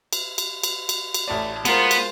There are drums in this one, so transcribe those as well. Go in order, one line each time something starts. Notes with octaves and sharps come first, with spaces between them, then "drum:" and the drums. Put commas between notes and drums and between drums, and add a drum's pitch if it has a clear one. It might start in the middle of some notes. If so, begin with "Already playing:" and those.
drum: cymbal
drum: cymbal
drum: cymbal
drum: cymbal
drum: cymbal
A1 A3 D5
G#3 B3 F4 A#4 C5, drum: cymbal
drum: cymbal